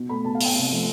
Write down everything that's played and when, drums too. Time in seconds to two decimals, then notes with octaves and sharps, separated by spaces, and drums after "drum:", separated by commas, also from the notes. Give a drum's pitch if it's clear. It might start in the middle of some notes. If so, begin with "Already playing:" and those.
Already playing: B2
0.09 A3 B5
0.25 B2 A5
0.35 F5
0.41 A3 G5, drum: open hi-hat
0.56 C3
0.71 F3 A3